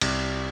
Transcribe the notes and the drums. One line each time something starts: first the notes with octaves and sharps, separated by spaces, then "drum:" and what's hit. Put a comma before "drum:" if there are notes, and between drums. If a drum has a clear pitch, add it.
C2, drum: cymbal